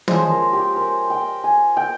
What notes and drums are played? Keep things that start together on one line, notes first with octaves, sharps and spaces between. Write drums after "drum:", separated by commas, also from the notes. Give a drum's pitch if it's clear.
F3 G#3 C#4 C5, drum: tom
A#4
G4
A#4
G5
G#5
G5